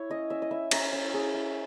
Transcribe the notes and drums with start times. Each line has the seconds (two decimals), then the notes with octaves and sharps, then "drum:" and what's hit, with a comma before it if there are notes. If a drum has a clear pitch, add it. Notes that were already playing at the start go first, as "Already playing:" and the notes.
Already playing: E4 C#5
0.10 C#4 D#5
0.30 C#4 E5
0.42 D#5
0.51 E4 E5
0.71 C#4 A#4, drum: cymbal
0.93 C#4
1.13 C#4 G#4
1.34 E4